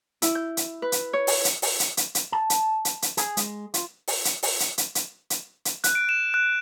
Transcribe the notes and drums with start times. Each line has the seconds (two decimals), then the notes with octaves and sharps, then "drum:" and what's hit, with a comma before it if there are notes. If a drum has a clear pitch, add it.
0.22 E4, drum: hi-hat
0.35 G6
0.57 drum: hi-hat
0.82 B4
0.92 drum: hi-hat
1.13 C#5
1.27 drum: open hi-hat
1.45 drum: hi-hat
1.62 drum: open hi-hat
1.80 drum: hi-hat
1.97 drum: hi-hat
2.15 drum: hi-hat
2.32 A5
2.50 drum: hi-hat
2.85 drum: hi-hat
3.02 drum: hi-hat
3.17 G#4, drum: hi-hat
3.37 G#3, drum: hi-hat
3.74 F4, drum: hi-hat
4.08 drum: open hi-hat
4.25 drum: hi-hat
4.43 drum: open hi-hat
4.60 drum: hi-hat
4.78 drum: hi-hat
4.95 drum: hi-hat
5.30 drum: hi-hat
5.65 drum: hi-hat
5.84 F#6, drum: hi-hat
5.95 D7
6.09 E7
6.34 F#6